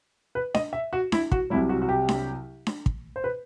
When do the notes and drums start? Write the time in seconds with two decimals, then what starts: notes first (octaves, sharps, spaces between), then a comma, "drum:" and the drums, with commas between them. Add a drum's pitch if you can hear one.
0.35 B4
0.54 D#5, drum: snare D4
0.73 E5
0.93 F#4
1.12 E4, drum: snare D4
1.32 F#4, drum: kick
1.50 C2 C3 F#3 E4
1.69 F#4
1.82 F#4
1.89 G4
2.09 drum: snare D4
2.67 drum: snare D4
2.86 drum: kick
3.16 C5
3.24 B4